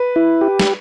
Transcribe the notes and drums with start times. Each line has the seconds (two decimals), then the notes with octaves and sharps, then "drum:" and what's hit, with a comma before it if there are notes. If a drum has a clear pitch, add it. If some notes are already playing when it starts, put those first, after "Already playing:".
Already playing: B4
0.16 E4
0.41 G4
0.59 drum: snare